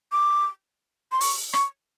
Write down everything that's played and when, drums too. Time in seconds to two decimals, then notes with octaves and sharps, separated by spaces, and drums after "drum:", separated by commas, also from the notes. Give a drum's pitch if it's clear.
0.12 D6
1.12 C6
1.21 C#6, drum: open hi-hat
1.53 C#6, drum: rim click